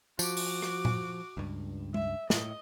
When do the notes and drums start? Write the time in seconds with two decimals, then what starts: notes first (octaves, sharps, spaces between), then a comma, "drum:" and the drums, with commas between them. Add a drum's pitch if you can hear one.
0.19 F3 F#4 D6, drum: tambourine
0.37 drum: open hi-hat
0.62 drum: rim click
0.85 drum: tom A#2
1.37 C#2 G2
1.94 E5, drum: tom G#3
2.30 A2 D#5, drum: snare